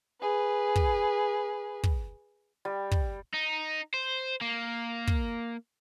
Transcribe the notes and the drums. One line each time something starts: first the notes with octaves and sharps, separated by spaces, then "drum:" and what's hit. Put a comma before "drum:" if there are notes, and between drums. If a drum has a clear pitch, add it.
G#4 B4
drum: kick
drum: kick
G3
drum: kick
D#4
C5
A#3
drum: kick